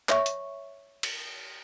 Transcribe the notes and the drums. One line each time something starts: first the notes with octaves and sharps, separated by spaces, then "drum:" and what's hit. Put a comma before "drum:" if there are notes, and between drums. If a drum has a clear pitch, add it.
C#5 E5 C#6, drum: clap
drum: hi-hat
drum: cymbal